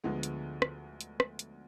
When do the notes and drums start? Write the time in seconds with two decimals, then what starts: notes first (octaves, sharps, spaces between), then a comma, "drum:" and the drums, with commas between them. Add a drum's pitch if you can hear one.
0.04 D2 D3 F3 G#3 B3
0.23 drum: hi-hat
0.62 drum: rim click
1.01 drum: hi-hat
1.20 drum: rim click
1.39 drum: hi-hat